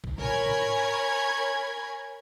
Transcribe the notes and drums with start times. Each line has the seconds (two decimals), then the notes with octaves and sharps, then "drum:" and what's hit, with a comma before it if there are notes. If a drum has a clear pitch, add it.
0.04 drum: kick A#1
0.18 A#4 C#5 G#5 B5 G#6, drum: tom A2
0.46 drum: tom G#2